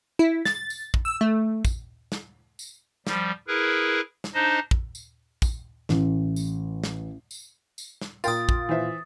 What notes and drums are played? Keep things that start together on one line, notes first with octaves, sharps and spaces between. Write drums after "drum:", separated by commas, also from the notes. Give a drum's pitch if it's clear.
E4
A6, drum: snare
drum: tambourine
drum: kick
E6
A3
drum: kick, tambourine
drum: snare
drum: tambourine
F3 G3, drum: snare
E4 G#4 A#4 B4
drum: snare
D4 D#4 C5 D#5
drum: kick
drum: tambourine
drum: kick, tambourine
A1, drum: snare
drum: tambourine
drum: snare
drum: tambourine
drum: tambourine
drum: snare
A#2 F4 A#4 G5 D#6 A6, drum: tambourine
drum: kick
E3 C5 E5